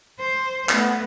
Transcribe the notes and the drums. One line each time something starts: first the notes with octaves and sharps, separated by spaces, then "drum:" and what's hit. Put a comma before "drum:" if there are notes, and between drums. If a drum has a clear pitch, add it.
C5
A3 B3, drum: clap